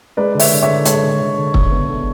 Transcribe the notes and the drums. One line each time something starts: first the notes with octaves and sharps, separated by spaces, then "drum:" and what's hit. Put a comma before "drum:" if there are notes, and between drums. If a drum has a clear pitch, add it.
G#3 B4 D5
D3
C#5 E5, drum: open hi-hat
D3
C#5 E5
D3
G#3 A4 C#5, drum: hi-hat
D3
D3
D3
D3, drum: kick
B3
D3